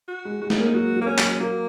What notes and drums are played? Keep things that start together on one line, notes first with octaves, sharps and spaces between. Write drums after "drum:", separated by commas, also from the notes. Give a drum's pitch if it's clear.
F#4
G#3
G#3 F#4
D#4, drum: snare
A#3 C#4
D#4
F#3 F#4
F#3
A#3
C#4
F#3, drum: clap
F#3 A#3